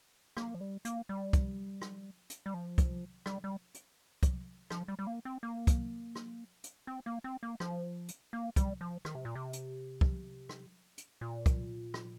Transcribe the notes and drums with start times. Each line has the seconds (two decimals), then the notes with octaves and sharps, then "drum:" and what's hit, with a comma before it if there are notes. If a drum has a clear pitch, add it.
0.37 A#3, drum: rim click
0.55 F3
0.61 G3
0.85 A#3, drum: hi-hat
1.09 G3
1.33 drum: kick, hi-hat
1.82 drum: rim click
2.30 drum: hi-hat
2.46 G3
2.54 F3
2.78 drum: kick, hi-hat
3.26 G3, drum: rim click
3.44 G3
3.74 drum: hi-hat
4.23 drum: kick, hi-hat
4.70 F3, drum: rim click
4.88 G3
4.99 G3
5.07 A#3
5.25 C4
5.43 A#3
5.67 drum: kick, hi-hat
6.15 drum: rim click
6.64 drum: hi-hat
6.87 C4
7.06 A#3
7.24 C4
7.43 A#3
7.60 F3, drum: rim click
8.08 drum: hi-hat
8.33 A#3
8.56 G3, drum: kick, hi-hat
8.81 F3
9.05 D#3, drum: rim click
9.15 C3
9.25 A#2
9.35 C3
9.53 drum: hi-hat
10.01 drum: kick
10.49 drum: rim click
10.98 drum: hi-hat
11.21 A#2
11.46 drum: kick, hi-hat
11.94 drum: rim click